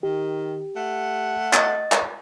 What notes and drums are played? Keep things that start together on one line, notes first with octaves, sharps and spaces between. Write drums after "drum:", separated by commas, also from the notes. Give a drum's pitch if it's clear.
D#3 G4
A3 F#5
D#5 A6, drum: clap
drum: clap